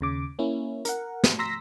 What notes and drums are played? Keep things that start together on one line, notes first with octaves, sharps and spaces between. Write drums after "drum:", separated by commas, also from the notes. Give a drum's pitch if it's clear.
D#2 C#3 D6
A#3 C#4 E4
A#4 F#5, drum: hi-hat
drum: snare
A#5 C6 E6 A#6 B6